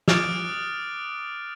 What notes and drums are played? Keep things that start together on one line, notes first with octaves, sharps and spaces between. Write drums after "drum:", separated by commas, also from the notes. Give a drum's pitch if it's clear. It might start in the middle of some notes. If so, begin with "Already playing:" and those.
D6 D#6 F6 F#6 A6 D7, drum: snare